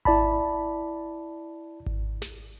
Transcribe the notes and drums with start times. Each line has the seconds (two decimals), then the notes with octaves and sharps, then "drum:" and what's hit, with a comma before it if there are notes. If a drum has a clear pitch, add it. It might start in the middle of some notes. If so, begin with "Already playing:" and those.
0.05 E4 D5 A5 B5, drum: kick G#1
1.86 drum: kick G#1
2.22 drum: snare